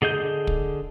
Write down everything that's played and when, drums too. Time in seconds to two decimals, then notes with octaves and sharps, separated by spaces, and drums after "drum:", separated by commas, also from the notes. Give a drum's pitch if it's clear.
0.02 D3 G#4 D#5 G6
0.47 drum: kick